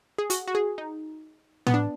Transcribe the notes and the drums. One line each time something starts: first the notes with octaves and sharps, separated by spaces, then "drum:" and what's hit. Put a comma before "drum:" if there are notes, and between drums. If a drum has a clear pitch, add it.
G#4
F#4, drum: hi-hat
F#4
G#4
D#4
B3, drum: tom A2
D4